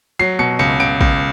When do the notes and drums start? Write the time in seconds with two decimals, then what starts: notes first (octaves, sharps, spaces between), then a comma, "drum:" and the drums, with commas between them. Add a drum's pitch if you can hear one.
0.19 F#3 C7
0.39 B2 C#7
0.59 C#2 C#7
0.80 C#2 D7
1.01 C#2, drum: kick